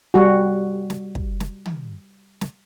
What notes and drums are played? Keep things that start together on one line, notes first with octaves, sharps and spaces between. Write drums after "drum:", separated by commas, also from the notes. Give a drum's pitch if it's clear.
G3 F#4
drum: snare
drum: kick
drum: snare
drum: tom
drum: snare